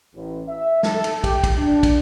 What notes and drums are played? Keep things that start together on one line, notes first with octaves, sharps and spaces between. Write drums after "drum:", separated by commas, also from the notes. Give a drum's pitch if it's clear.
A1
E5
A4, drum: snare
drum: cymbal
G4, drum: kick, cymbal
drum: kick, cymbal
D4
drum: kick, cymbal